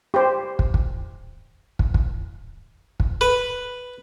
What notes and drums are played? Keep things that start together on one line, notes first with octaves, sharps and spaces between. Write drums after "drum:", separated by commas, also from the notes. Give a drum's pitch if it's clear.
G4 C5
drum: kick
drum: kick
drum: kick
drum: kick
drum: kick
B4